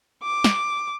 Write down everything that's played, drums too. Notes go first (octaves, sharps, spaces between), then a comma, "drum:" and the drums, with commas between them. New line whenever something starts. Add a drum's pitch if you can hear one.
D6
drum: snare